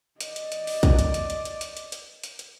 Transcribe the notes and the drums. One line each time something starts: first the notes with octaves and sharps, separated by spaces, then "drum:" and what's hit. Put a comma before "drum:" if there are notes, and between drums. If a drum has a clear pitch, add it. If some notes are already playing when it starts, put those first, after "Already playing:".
D5 D#5, drum: hi-hat
drum: hi-hat
drum: hi-hat
drum: open hi-hat
drum: kick, hi-hat
drum: hi-hat
drum: hi-hat
drum: hi-hat
drum: hi-hat
drum: hi-hat
drum: hi-hat
drum: hi-hat
drum: hi-hat
drum: hi-hat